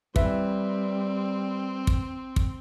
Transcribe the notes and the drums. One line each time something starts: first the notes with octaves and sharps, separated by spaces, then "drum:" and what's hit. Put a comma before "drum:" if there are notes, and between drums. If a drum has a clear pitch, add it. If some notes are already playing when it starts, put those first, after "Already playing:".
G3 C4 B4 E5, drum: kick
drum: kick
drum: kick